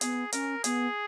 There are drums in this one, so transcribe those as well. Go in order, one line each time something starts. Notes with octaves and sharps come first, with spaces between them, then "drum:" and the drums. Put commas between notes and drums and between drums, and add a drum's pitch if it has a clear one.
B3 G#4, drum: hi-hat
C#4 A#4, drum: hi-hat
B3 G#4, drum: hi-hat